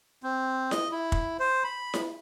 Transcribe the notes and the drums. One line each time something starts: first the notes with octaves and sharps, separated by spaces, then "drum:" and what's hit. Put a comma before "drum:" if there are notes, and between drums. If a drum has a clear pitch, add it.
C4
D#5, drum: snare E4
E4
drum: kick
C5
B5
drum: snare E4